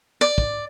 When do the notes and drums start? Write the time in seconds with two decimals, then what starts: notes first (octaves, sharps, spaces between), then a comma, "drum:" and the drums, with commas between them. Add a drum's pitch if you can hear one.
0.21 D5
0.38 drum: kick